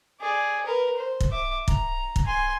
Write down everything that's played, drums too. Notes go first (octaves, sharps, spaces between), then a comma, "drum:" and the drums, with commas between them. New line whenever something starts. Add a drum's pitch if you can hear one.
G#4 D5
A#4 B4
C5
drum: kick
E5 D6
A#5, drum: kick
drum: kick
G#5 C6